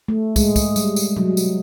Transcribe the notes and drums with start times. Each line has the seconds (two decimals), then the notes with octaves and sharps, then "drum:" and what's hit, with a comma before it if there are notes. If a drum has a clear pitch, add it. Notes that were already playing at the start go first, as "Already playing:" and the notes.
0.08 A3
0.36 G#3, drum: kick, tambourine
0.56 drum: kick, tambourine
0.76 G3, drum: tambourine
0.96 drum: tambourine
1.16 F#3, drum: tom B2
1.37 drum: tambourine